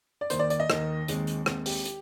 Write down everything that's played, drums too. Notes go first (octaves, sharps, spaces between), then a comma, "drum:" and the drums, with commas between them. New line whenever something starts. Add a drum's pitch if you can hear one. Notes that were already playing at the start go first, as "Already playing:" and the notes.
D5
D#2 D#3 A#3 C5, drum: hi-hat
D5
D5, drum: hi-hat
D#5
D#2 D#3 A#3, drum: rim click
D#2 D#3 G#3 C4, drum: hi-hat
drum: hi-hat
D#2 D#3 G#3 C4, drum: rim click
G4, drum: open hi-hat
drum: hi-hat